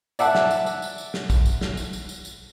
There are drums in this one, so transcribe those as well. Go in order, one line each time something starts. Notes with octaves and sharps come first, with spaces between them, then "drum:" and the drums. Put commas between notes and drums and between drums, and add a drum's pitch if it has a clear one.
D5 E5 F#5 A5, drum: tambourine
drum: snare
drum: tambourine
drum: tambourine
drum: tambourine
drum: tambourine
drum: snare
drum: kick, tambourine
drum: tambourine
drum: snare
drum: tambourine
drum: tambourine
drum: tambourine
drum: tambourine